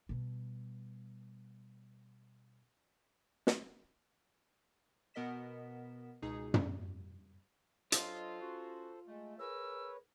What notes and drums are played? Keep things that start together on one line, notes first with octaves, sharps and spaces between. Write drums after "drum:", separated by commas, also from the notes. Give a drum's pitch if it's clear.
B2 G3
drum: snare
B2 B3 A#4 D#5 B6 E7
C#2 B2 D#4 G#4
drum: tom
F#3 D4 F4 A4 C5 D#5, drum: hi-hat
C#4 F#4
G#3 A3
G#4 A#4 B4 C#5 E6